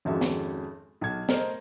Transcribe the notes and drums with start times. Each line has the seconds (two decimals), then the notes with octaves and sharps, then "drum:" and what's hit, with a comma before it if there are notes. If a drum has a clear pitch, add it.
0.05 G#1 F2 G#3 C#4 F#4 E5
0.21 drum: snare
1.01 B1 G#6
1.29 A3 A#4 C5 D#5, drum: snare